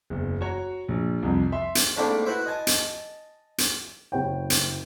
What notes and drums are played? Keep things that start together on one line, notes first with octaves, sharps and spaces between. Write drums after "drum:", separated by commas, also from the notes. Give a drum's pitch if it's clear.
F#1 E2
F#4 C#5 A#5
A#1
C2 F2
E5 C6
drum: hi-hat
G#2 A3 A#3 C4 D4 E4
E4 F#4 B4 C5 E5
D#5 G#5 A5
drum: hi-hat
drum: hi-hat
F#1 C#5 G5
drum: hi-hat